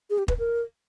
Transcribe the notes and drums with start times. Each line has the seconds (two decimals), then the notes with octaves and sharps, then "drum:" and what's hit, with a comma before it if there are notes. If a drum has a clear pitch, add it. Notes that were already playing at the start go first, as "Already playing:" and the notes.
0.10 G#4
0.18 G4
0.28 B4, drum: kick
0.39 A#4